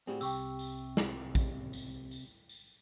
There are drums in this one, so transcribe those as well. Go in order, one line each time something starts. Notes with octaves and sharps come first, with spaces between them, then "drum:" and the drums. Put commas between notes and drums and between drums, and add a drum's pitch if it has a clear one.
A2 G3 C4 F#4 G#4
C2 C3 G4 G5 C#6 E6, drum: tambourine
drum: tambourine
drum: snare
drum: kick, tambourine
drum: tambourine
drum: tambourine
drum: tambourine